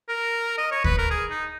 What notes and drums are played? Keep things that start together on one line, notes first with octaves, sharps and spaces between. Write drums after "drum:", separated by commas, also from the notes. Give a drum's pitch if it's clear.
A#4
D#5
C#5
B4, drum: kick D2
A#4
G#4
D#4